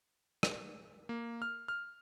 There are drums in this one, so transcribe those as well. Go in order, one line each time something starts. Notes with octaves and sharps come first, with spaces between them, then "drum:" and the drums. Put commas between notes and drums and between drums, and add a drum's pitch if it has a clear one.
drum: rim click
A#3
F6
F6